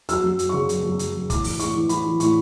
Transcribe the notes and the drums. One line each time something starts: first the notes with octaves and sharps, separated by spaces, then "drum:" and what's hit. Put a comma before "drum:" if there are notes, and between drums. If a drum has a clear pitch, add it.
F#3 E6, drum: hi-hat
F#2
F#3, drum: hi-hat
C#3 C#6
F#2, drum: hi-hat
F#2
C#3, drum: hi-hat
F#2
A2 D6, drum: kick, hi-hat
E3, drum: open hi-hat
A2 C#6, drum: hi-hat
E3
E3 B5, drum: hi-hat
E3
A2 C#6, drum: hi-hat